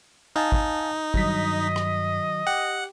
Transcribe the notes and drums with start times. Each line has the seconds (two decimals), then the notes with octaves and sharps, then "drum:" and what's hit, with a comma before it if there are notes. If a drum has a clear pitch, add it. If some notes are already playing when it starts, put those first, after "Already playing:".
0.36 D#4 F5 G#5 A5
0.52 drum: kick G#1
1.14 G2 D#3 F#3 D#5 B6, drum: kick G#1
1.76 drum: rim click
2.47 G4 F#5